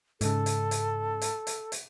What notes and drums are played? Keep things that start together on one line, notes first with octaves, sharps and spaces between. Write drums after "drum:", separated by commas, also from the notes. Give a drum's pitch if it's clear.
G#2 C#3 A4, drum: hi-hat
drum: hi-hat
drum: hi-hat
drum: hi-hat
drum: hi-hat
drum: hi-hat